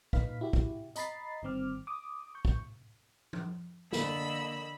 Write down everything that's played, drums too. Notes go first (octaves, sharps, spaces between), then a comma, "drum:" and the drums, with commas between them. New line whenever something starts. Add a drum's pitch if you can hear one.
A#2 D#4 B4 F5 B6, drum: kick
E4 F#4 G4
drum: kick
D#5 A#5 B5 A6 C7, drum: hi-hat
G1 G2 D#3 C4 D6 F6
D6 D#6
C#6 G6
drum: kick
drum: tom
D3 A#3 D#5 B5 E6, drum: snare